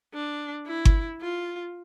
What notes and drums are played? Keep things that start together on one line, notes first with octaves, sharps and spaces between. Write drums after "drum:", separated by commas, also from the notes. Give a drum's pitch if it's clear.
D4
E4
drum: kick G1
F4